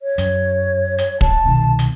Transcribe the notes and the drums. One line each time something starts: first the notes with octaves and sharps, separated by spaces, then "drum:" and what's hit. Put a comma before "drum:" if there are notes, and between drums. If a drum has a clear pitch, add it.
C#5
F#2, drum: hi-hat
drum: hi-hat
A5, drum: kick
C2 B2 D#3
drum: hi-hat